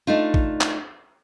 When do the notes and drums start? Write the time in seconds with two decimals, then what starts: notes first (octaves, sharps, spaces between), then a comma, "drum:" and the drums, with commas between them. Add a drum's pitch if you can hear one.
0.07 A3 D4 D#4 F4
0.34 drum: kick A1
0.61 drum: clap